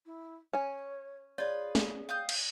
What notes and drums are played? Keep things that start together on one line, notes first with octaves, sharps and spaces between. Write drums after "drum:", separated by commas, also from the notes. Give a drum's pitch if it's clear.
E4
C#4 C#5 G#5
F4 G#4 B4 C#5 D5 C6
drum: snare
F5 D#6 G6
drum: cymbal